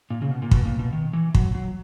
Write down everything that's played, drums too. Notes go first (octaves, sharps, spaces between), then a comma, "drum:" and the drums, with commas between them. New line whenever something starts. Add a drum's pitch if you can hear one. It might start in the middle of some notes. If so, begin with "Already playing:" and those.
A#2
C#3
B2
A#2
B2, drum: kick
A#2
B2
D#3
E3
F#3, drum: kick
F#3